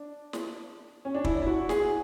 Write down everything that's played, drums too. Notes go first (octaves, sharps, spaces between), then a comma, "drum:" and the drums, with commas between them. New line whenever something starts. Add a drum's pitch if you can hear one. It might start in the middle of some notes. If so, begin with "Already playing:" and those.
Already playing: D4
drum: snare
C#4
D4
E4, drum: kick
E4
F#4
G#4, drum: snare